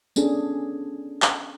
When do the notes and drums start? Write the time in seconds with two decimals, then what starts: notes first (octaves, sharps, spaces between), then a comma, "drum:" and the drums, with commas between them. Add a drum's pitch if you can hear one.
0.16 B3 C#4 D4 G#4 A4, drum: tambourine
1.22 drum: clap